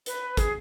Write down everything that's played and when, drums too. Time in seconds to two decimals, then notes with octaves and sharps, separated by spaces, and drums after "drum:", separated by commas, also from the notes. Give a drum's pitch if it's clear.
0.06 B4, drum: hi-hat
0.37 G#4, drum: kick, hi-hat